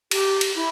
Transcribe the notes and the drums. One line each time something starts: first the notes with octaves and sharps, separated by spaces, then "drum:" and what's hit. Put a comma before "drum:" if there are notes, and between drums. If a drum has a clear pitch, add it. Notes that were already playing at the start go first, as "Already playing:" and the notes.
G4, drum: cymbal
drum: cymbal
E4